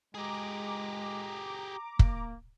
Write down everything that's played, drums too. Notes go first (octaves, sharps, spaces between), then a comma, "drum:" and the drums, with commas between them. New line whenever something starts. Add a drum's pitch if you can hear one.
G#3 G4 G#4 A#5 D6
A#3, drum: kick